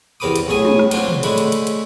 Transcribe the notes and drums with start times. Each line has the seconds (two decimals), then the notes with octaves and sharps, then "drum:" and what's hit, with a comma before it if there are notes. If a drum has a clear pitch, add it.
0.20 E2 C3 A#4 B5 D6 D#6
0.36 drum: cymbal
0.47 B1 A2 G#4 D#6
0.65 drum: tom
0.79 drum: rim click
0.91 F#3 C4 D4 F4, drum: cymbal
1.08 drum: tom
1.23 D3 G#3 A3 B5, drum: cymbal
1.38 drum: cymbal
1.52 drum: cymbal
1.67 drum: cymbal